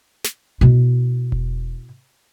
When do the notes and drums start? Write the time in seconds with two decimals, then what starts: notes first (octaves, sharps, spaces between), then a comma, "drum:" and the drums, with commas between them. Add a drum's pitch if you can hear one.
0.25 drum: snare
0.61 B2 E4
1.32 drum: kick E1